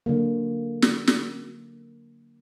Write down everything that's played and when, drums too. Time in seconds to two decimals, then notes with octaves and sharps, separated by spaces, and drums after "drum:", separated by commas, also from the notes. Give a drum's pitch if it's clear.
0.06 D3 F#3 A#3
0.82 drum: snare
1.07 drum: snare